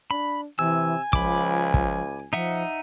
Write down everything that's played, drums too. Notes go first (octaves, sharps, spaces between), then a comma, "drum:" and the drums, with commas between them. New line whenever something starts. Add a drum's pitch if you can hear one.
D4 B5
C3 E3 G#5 E6
C#2 F3 B5 D6, drum: kick
drum: kick
F3 D#4 E5 F#5